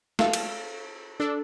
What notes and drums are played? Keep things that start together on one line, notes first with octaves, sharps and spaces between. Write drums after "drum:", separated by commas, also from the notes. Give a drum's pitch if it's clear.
A4 F5, drum: snare
drum: cymbal
D4 A4